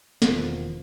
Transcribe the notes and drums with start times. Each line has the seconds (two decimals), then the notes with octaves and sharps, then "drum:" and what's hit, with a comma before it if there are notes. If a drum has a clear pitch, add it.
0.22 E1 D#3 F3 B3, drum: snare